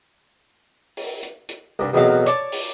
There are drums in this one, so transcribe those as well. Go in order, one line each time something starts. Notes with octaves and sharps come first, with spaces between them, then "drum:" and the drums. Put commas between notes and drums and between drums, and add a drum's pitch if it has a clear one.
drum: open hi-hat
drum: hi-hat
drum: hi-hat
C2 G2
A1 E2 B2 F#3 C4 F5
C#5 D5 A5 D6, drum: hi-hat
drum: open hi-hat